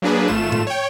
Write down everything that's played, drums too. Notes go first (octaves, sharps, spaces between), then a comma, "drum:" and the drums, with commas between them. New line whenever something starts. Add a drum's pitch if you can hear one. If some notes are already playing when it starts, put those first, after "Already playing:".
F#3 A#3 D4 G#4 B4
G#1 A3 F4 E7
drum: tom A2
C#5 G5